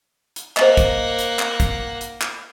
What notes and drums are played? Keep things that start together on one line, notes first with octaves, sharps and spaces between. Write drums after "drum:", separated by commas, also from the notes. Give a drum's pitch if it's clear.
drum: hi-hat
A#3 C5 D#5 F#5, drum: clap
drum: kick, hi-hat
drum: hi-hat
drum: clap
drum: kick, hi-hat
drum: hi-hat
drum: clap